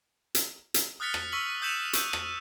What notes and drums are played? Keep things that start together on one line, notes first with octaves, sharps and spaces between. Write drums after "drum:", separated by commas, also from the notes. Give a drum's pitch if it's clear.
drum: hi-hat
drum: hi-hat
D#6 F6 F#6 A6 B6 C#7
drum: rim click
C#6 E6 B6 F#7
D#6 G6 B6 C#7 E7 F#7
C#6 E6 F#6 G6, drum: hi-hat
drum: rim click